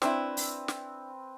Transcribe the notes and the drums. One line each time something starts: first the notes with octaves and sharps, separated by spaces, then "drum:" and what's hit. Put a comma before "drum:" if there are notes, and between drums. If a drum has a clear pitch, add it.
C4 D4 E4 B4, drum: snare
drum: open hi-hat
drum: snare